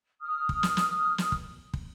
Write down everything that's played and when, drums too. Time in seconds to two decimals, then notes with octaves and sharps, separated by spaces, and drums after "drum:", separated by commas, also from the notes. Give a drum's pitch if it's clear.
0.21 D#6 F6
0.49 drum: kick
0.63 drum: snare
0.77 drum: snare
1.18 drum: snare
1.32 drum: kick
1.74 drum: kick